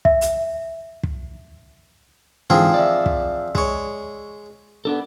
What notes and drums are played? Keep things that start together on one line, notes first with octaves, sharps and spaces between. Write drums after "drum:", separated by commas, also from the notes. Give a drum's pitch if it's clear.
E5, drum: kick
drum: hi-hat
drum: kick
G#2 D3 E3 F3 C4 G#4
D5 E5
drum: kick
G#3 C#5, drum: kick
B3 D4 A4